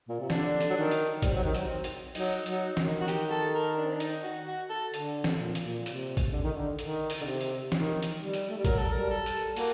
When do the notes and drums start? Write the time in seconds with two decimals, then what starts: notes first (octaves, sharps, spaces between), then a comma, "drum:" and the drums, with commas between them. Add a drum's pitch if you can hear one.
0.08 A#2
0.19 C3
0.30 D3 D4, drum: snare
0.61 drum: hi-hat
0.70 F#3
0.77 D#3
0.91 drum: hi-hat
1.22 G3 C4, drum: kick A1, hi-hat
1.33 F#3
1.44 D#3
1.55 F#3, drum: hi-hat
1.84 drum: hi-hat
2.15 F#3 D#4, drum: open hi-hat
2.46 F#3, drum: hi-hat
2.77 D#3, drum: snare
3.01 F#4
3.08 G4, drum: hi-hat
3.31 A4
3.55 A#4
3.77 D4
3.86 C4
3.93 D4
4.00 D#4, drum: hi-hat
4.24 F#4
4.47 F#4
4.70 A4
4.94 D3, drum: hi-hat
5.24 drum: snare
5.40 A#2
5.55 drum: hi-hat
5.65 A#2
5.86 C3, drum: hi-hat
6.17 drum: kick A1, hi-hat
6.32 D3
6.42 D#3
6.52 D3
6.79 D#3, drum: hi-hat
7.10 drum: open hi-hat
7.21 D3
7.25 C3
7.41 drum: hi-hat
7.72 D#3, drum: snare
8.03 drum: hi-hat
8.18 G3
8.33 drum: hi-hat
8.50 A3
8.58 G3
8.65 F#3 A#4, drum: kick A1, hi-hat
8.78 A4
8.92 G3 A#4
9.10 A4
9.26 drum: hi-hat
9.57 A#3 F#4, drum: open hi-hat